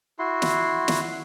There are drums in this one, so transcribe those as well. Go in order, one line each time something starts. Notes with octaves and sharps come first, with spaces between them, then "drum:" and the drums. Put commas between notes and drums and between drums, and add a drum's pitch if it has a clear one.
E4 F#4 C6
drum: snare
drum: snare